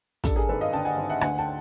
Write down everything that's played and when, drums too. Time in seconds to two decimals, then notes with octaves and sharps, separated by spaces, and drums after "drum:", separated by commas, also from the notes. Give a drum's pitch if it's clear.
0.24 G2 A4, drum: kick, hi-hat
0.36 G#4 A#4
0.49 G#1 A4 B4
0.61 D#5 F5
0.73 D3 G5 A5
0.85 F#5 G#5
0.98 G#1
1.10 E5 F#5
1.21 D2 F#5 G#5, drum: rim click
1.38 G5 A5